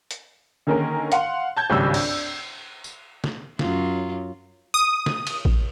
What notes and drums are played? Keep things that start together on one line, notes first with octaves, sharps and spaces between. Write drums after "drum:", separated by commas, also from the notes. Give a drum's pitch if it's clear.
drum: hi-hat
D3 D#3 A#3 C#4 G#4 A#4
F5 F#5 C6, drum: hi-hat
A5 G6 G#6
G#1 C#2 G2 G3 E6
D4, drum: cymbal
drum: tambourine
drum: snare
F#2 F#3 F4, drum: snare
D#6
drum: snare
drum: cymbal
drum: kick A1